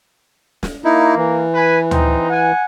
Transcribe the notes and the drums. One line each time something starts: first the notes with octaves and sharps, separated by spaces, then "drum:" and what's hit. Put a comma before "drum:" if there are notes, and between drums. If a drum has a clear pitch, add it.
drum: snare
A#3 D#4 E4
E3
B4 G#5
C4 D#4, drum: tom D2
F#5 G#5